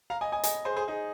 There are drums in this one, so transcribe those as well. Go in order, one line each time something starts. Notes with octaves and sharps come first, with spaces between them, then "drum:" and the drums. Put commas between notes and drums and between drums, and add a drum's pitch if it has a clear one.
F5 A#5
D#5 G#5
D#5 G#5
D#5 G#5, drum: hi-hat
G#4 C5
G#4 C5
D#4 G#4